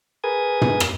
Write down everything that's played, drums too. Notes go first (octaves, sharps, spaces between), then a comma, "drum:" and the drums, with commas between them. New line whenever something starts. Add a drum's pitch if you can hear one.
G#4 A#4 B4 G#5 D#6 G#6
drum: tom
drum: rim click